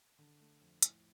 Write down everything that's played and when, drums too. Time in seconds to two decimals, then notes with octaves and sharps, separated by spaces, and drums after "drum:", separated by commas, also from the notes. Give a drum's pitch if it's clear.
0.19 D3
0.41 A3
0.61 F2
0.83 A2, drum: hi-hat